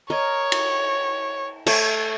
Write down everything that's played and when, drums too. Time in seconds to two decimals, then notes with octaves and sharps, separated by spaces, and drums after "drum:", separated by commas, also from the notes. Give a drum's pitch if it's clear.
0.10 A#4 C#5 D#5
0.52 drum: cymbal
1.66 A3 C#5 C#6, drum: cymbal